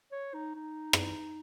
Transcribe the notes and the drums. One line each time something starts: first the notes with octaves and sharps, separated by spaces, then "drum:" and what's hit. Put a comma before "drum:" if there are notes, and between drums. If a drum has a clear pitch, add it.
C#5
D#4
D#4
drum: rim click